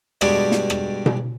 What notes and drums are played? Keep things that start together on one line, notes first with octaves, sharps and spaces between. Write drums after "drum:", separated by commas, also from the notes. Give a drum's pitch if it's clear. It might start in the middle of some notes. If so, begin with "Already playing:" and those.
G2 B2 G3 G#3 D4 G4, drum: rim click
drum: snare
drum: rim click
drum: tom B2